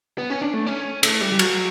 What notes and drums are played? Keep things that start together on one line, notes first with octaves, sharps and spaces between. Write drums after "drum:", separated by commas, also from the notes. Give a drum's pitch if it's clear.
B3
C#4
D4
A3
C#4
A3, drum: cymbal
G3
G3
F#3, drum: cymbal